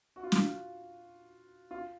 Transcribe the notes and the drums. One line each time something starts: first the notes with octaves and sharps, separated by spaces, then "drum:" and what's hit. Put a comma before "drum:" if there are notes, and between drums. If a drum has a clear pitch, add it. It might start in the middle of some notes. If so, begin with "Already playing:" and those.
F#4
F4
F#4, drum: snare
F4